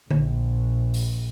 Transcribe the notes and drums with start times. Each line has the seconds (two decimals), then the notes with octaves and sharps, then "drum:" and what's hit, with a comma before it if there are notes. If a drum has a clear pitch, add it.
0.11 A#1, drum: tom D3
0.94 drum: open hi-hat